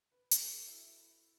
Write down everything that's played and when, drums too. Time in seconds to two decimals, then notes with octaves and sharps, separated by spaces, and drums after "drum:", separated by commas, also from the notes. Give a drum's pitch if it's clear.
0.12 B4
0.31 A4, drum: hi-hat
0.49 F#4
0.67 E4